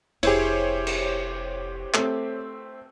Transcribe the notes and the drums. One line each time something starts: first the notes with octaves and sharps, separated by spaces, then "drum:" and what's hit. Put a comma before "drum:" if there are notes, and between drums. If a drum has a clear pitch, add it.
F1 E4 G4 G#4 C5 C#5, drum: cymbal
drum: cymbal
A3 C4, drum: clap